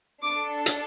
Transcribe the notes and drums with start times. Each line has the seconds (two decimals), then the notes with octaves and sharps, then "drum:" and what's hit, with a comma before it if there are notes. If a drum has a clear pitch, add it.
0.22 D4 A4 D6
0.66 drum: hi-hat